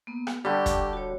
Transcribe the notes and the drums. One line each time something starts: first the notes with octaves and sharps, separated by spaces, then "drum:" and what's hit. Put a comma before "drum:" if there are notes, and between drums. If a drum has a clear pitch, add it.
A#3 B3
drum: rim click
D3 G3 G4 A5 C#6 D6
drum: kick, hi-hat
F#4 C#5